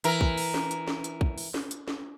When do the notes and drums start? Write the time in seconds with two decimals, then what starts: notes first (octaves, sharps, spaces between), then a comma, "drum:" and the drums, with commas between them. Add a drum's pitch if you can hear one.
0.04 E3 A#4, drum: hi-hat
0.21 drum: kick
0.37 drum: open hi-hat
0.54 drum: snare
0.71 drum: hi-hat
0.88 drum: snare
1.04 drum: hi-hat
1.21 drum: kick
1.38 drum: open hi-hat
1.54 drum: snare
1.71 drum: hi-hat
1.88 drum: snare